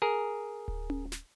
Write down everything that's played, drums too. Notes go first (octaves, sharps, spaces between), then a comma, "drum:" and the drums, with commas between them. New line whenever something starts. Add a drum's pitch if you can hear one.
G#4 A#4
drum: kick D1
drum: tom C#4
drum: snare